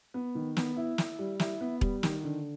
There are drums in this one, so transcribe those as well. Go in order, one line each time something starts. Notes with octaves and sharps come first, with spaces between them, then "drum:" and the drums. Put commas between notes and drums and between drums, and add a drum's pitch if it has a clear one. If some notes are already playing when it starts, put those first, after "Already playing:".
B3
D#3
B3, drum: snare
E4
E4, drum: snare
G3
E4, drum: snare
B3
G3, drum: kick E1
D#3, drum: snare
D3